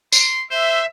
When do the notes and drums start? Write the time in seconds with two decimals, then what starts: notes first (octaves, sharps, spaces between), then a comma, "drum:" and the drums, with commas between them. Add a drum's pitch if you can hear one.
0.12 C6, drum: tambourine
0.51 C5 E5